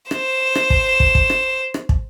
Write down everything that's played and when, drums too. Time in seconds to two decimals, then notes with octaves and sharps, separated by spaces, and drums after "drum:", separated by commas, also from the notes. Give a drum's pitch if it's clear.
0.11 C5 E7, drum: rim click
0.55 drum: rim click
0.70 drum: kick
1.00 drum: kick
1.15 drum: kick
1.30 drum: rim click
1.74 drum: rim click
1.89 drum: kick